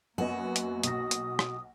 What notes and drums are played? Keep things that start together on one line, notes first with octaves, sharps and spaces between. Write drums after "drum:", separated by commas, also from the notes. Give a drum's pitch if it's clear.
F#2 A#3 B3 F#4 D#5
drum: hi-hat
B1 D#6 A#6, drum: hi-hat
drum: hi-hat
drum: rim click